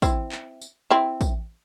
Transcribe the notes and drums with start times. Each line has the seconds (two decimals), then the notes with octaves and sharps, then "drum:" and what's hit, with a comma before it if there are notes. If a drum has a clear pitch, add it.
0.02 C4 E4, drum: kick, tambourine
0.32 drum: clap
0.61 drum: tambourine
0.90 C4 E4
1.21 drum: kick, tambourine